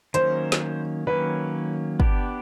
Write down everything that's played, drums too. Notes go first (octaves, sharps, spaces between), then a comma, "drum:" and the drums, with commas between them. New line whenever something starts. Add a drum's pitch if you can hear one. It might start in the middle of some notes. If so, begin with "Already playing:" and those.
D#3 F#3 A#3 C#4 C5, drum: hi-hat
drum: snare
D#3 F#3 A#3 C#4 B4
B3 D4 G4, drum: kick